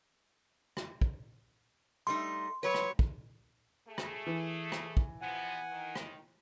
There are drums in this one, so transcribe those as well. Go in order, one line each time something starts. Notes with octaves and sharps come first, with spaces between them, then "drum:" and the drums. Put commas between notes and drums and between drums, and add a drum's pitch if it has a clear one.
drum: rim click
drum: kick
G3 A3 D#4 C6
F#3 B4 C#5
drum: rim click
drum: kick
A3 G#4
drum: rim click
E3
drum: rim click
drum: kick
C3 F3 B3 F#5 G#5
D#3
drum: rim click